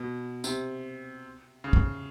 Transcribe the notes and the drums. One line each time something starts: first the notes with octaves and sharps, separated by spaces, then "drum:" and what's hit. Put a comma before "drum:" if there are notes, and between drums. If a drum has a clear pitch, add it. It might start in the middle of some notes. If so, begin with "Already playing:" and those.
Already playing: B2
C3, drum: tambourine
C#3
drum: kick